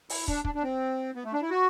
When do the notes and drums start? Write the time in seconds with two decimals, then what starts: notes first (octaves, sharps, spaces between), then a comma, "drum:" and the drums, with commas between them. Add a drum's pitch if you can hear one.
0.10 E4, drum: open hi-hat
0.28 D4, drum: kick
0.45 D4, drum: kick
0.55 D4
0.63 C4
1.15 B3
1.25 A3
1.33 D4
1.42 E4
1.50 F#4